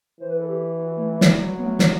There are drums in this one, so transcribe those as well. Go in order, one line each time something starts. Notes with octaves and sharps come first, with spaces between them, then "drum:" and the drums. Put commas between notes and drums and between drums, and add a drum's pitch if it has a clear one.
E3 C5
B4
A4
G4
F#4
A3
drum: snare
F#3 G3
B3
A3
drum: snare